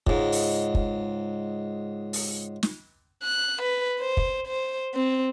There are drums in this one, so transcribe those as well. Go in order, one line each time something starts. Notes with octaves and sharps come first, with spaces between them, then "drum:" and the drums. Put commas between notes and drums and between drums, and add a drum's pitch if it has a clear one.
C#2 G#2, drum: kick
drum: open hi-hat
drum: kick
drum: open hi-hat
drum: snare
F#6
B4
C5
drum: kick
C5
C4